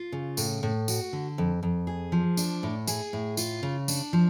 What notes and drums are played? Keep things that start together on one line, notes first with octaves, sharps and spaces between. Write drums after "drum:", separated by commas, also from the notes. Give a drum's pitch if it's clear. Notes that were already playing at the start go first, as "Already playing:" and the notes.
Already playing: F4
C#3
A2, drum: tambourine
A2
F#4, drum: tambourine
D3
F2
F2
G#4
F3
D4, drum: tambourine
A2
G#4, drum: tambourine
A2
F4, drum: tambourine
C#3
D4, drum: tambourine
F3